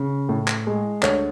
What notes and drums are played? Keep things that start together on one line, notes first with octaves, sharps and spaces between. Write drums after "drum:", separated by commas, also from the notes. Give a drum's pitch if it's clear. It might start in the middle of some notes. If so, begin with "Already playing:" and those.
Already playing: C#3
A2
drum: clap
G#3
D2 C#5, drum: clap